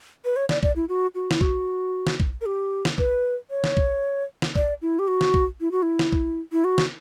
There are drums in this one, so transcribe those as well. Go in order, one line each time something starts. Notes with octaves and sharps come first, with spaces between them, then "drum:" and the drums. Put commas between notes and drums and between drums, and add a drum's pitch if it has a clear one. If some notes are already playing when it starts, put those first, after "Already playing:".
B4
C#5
D5, drum: snare
D5, drum: kick
E4
F#4
F#4
E4, drum: snare
F#4, drum: kick
drum: snare
drum: kick
A#4
G4
drum: snare
B4, drum: kick
C#5
drum: snare
drum: kick
drum: snare
D5, drum: kick
E4
G4
F#4
drum: snare
drum: kick
E4
F#4
E4
drum: snare
drum: kick
E4
F#4
drum: snare